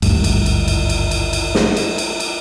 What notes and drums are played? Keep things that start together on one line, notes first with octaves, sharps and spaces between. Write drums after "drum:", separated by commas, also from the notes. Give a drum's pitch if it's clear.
G#1 D2 G2, drum: cymbal
drum: cymbal
drum: cymbal
drum: cymbal
drum: cymbal
drum: cymbal
drum: cymbal
drum: snare
drum: cymbal
drum: cymbal
drum: cymbal